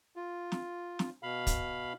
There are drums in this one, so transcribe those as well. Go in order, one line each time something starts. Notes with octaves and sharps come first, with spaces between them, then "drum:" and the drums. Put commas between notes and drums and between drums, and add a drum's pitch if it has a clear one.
F4
drum: snare
drum: snare
B2 F5 B5
drum: kick, hi-hat